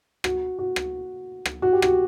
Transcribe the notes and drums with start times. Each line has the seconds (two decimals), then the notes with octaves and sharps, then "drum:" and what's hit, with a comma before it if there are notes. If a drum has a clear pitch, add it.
0.24 F#4, drum: rim click
0.59 F#4
0.76 drum: rim click
1.45 drum: rim click
1.62 F#4
1.73 G4
1.82 F#4, drum: rim click